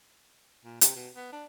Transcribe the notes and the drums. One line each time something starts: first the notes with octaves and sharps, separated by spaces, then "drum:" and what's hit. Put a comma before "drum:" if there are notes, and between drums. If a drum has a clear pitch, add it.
A#2
C3, drum: hi-hat
B2
B3
D4